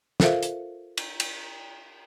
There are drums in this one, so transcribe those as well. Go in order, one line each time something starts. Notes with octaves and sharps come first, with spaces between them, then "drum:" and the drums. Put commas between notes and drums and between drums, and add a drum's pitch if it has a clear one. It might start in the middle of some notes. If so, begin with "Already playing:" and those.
F4 A4 A#4 C5 E5 F5, drum: snare
drum: hi-hat
drum: cymbal
drum: cymbal